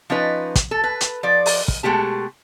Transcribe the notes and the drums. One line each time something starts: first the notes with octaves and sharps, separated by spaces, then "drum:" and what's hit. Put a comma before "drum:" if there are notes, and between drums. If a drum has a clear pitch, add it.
F3 C#4 D#4 B4
drum: kick, hi-hat
A4
B4
drum: hi-hat
F3 D5
drum: open hi-hat
drum: kick
B2 G#3 A3 G4 A5